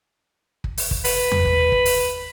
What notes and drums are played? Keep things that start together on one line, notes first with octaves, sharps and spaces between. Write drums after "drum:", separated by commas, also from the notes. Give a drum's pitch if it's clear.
drum: kick
drum: open hi-hat
drum: kick
B4, drum: open hi-hat
drum: tom E2
drum: kick
drum: kick
drum: open hi-hat